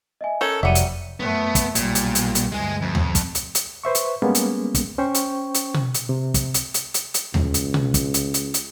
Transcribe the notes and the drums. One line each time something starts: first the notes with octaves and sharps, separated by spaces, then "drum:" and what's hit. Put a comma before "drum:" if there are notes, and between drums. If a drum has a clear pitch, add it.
D#5 E5 G#5
C#4 A4 A#4 G6 G#6
F1 F#3 G3 E5 F#5 C#7 D#7
drum: hi-hat
F#2 A3 B3
drum: kick, hi-hat
B1 A#2 G3, drum: hi-hat
drum: hi-hat
drum: hi-hat
drum: hi-hat
D2 G2 G#3 G#4
F2
drum: tom D#2
drum: kick, hi-hat
drum: hi-hat
drum: hi-hat
B4 C5 E5 C#6
drum: hi-hat
G3 G#3 A#3 B3 C#4
drum: hi-hat
drum: kick, hi-hat
C#4 C5 G5 C#6
drum: hi-hat
drum: hi-hat
drum: tom B2
drum: hi-hat
C3
drum: kick, hi-hat
drum: hi-hat
drum: hi-hat
drum: hi-hat
drum: hi-hat
C#2, drum: tom D#2
drum: hi-hat
drum: tom B2
drum: kick, hi-hat
drum: hi-hat
drum: hi-hat
drum: hi-hat